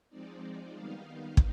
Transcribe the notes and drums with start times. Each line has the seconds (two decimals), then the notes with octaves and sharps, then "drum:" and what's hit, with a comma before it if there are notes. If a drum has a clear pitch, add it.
0.09 F3 G#3 C4 D#4 D5
0.41 D5
0.73 D#3 G3 B3 D#4 F5
1.37 drum: kick